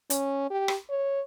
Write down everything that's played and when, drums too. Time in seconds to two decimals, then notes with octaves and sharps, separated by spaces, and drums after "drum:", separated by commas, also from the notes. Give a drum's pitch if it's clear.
0.10 C#4, drum: hi-hat
0.50 G4
0.68 drum: rim click
0.90 C#5